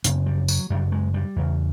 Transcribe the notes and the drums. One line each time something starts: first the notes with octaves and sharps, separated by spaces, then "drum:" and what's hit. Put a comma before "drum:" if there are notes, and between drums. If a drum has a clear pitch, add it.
F#2 C#3 B3, drum: hi-hat
G3
F#3, drum: tambourine
F#2 C#3 G3
G#3
G3
E2 C#3